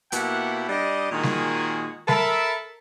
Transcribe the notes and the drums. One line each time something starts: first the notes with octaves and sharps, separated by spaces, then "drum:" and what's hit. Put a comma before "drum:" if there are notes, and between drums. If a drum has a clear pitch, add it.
B2 A#3 E4 G4 F#5, drum: hi-hat
G3 D4 D#5
A#2 D#3 G#3 F#4 G#4
drum: snare
A4 A#4 E5 A5 B5, drum: snare